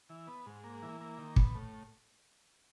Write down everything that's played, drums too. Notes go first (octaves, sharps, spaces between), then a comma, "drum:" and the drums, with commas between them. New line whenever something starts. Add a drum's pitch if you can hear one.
E3
B3
G#2
A#3
E3
A#3
D#3
B3, drum: kick
A2